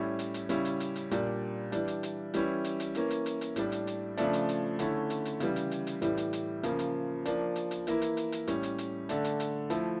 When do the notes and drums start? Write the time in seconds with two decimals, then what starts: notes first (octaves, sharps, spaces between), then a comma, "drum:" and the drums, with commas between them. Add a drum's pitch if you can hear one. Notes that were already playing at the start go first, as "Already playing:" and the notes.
Already playing: A2 G3 C#4 E4
0.19 drum: hi-hat
0.34 drum: hi-hat
0.49 C#3 G3 C#4 E4, drum: hi-hat
0.65 drum: hi-hat
0.80 drum: hi-hat
0.96 drum: hi-hat
1.11 A#2 G3 D4, drum: hi-hat
1.72 E3 G3 D4, drum: hi-hat
1.88 drum: hi-hat
2.03 drum: hi-hat
2.34 E3 G3 C#4 E4, drum: hi-hat
2.64 drum: hi-hat
2.80 drum: hi-hat
2.95 E3 A#3 C#4, drum: hi-hat
3.10 drum: hi-hat
3.26 drum: hi-hat
3.41 drum: hi-hat
3.56 A2 G3 D4, drum: hi-hat
3.72 drum: hi-hat
3.87 drum: hi-hat
4.18 C#3 F3 A3 D4, drum: hi-hat
4.33 drum: hi-hat
4.49 drum: hi-hat
4.79 D3 A3 C#4 E4, drum: hi-hat
5.10 drum: hi-hat
5.25 drum: hi-hat
5.40 C#3 E3 G3, drum: hi-hat
5.56 drum: hi-hat
5.71 drum: hi-hat
5.87 drum: hi-hat
6.02 A2 E3 G3, drum: hi-hat
6.17 drum: hi-hat
6.33 drum: hi-hat
6.63 C#3 F3 A#3, drum: hi-hat
6.79 drum: hi-hat
7.25 F3 A#3 D4, drum: hi-hat
7.56 drum: hi-hat
7.71 drum: hi-hat
7.87 E3 A#3 E4, drum: hi-hat
8.02 drum: hi-hat
8.17 drum: hi-hat
8.32 drum: hi-hat
8.47 A2 G3 C#4, drum: hi-hat
8.63 drum: hi-hat
8.78 drum: hi-hat
9.09 D3 A3 D4, drum: hi-hat
9.24 drum: hi-hat
9.40 drum: hi-hat
9.70 F3 A3 E4, drum: hi-hat